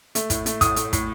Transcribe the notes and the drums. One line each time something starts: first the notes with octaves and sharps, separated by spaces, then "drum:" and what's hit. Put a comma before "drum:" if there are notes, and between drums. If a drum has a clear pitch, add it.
A3, drum: hi-hat
A2, drum: kick, hi-hat
A3, drum: hi-hat
A2 D#6, drum: kick, hi-hat
A3, drum: hi-hat
A2, drum: kick, hi-hat